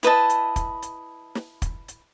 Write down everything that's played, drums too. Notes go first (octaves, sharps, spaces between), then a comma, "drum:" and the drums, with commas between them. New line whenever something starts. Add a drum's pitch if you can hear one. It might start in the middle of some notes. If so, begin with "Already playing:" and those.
E4 B4 D#5 A5, drum: hi-hat
drum: hi-hat
drum: kick, hi-hat
drum: hi-hat
drum: snare
drum: kick, hi-hat
drum: hi-hat